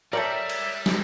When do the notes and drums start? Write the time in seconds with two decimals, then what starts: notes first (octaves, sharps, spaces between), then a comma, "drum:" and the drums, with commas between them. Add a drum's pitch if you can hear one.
0.13 G3 A4 A#4 C#5 D5 E5 G5
0.50 drum: cymbal
0.86 drum: snare